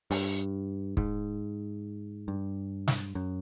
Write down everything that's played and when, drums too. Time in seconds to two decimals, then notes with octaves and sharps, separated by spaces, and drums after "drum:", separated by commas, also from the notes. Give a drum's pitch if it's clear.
0.11 G2, drum: open hi-hat
0.97 G#2, drum: kick
2.28 G2
2.88 drum: snare
3.15 F#2